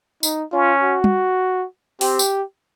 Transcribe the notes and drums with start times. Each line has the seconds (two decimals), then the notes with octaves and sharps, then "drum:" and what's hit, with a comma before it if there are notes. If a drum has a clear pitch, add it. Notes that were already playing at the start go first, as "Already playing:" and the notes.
0.23 D#4, drum: tambourine
0.52 C#4 F4
0.82 F#4
1.04 drum: tom
2.01 C4 G4, drum: open hi-hat
2.19 drum: tambourine